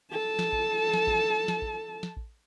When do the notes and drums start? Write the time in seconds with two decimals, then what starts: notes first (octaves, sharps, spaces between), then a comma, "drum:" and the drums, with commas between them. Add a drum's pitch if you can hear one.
0.11 A4 A5
0.39 drum: snare
0.52 drum: kick A1
0.94 drum: snare
1.07 drum: kick A1
1.48 drum: snare
1.62 drum: kick A1
2.03 drum: snare
2.17 drum: kick A1